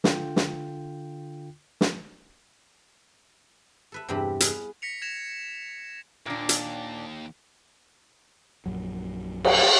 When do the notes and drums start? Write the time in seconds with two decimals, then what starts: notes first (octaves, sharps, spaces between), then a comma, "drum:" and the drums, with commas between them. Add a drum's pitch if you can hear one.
0.04 D3 F4 G5, drum: snare
0.36 drum: snare
1.81 drum: snare
3.92 A4 B4 E5
4.08 E2 G2 C3 C4 G4 B5
4.40 G#4 B4 F5, drum: hi-hat
4.82 A#6 B6 C#7 F7
5.02 G#6 A#6 E7 F7
6.26 D#2 A#2 D4
6.49 drum: hi-hat
8.66 A#1 F#2 F#3
9.45 drum: cymbal